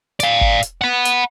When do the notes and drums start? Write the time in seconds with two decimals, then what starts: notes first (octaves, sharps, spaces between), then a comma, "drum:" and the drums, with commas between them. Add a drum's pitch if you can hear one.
0.20 D5 F5, drum: hi-hat
0.41 drum: kick G1
0.63 drum: hi-hat
0.81 F#5 B5
1.05 drum: hi-hat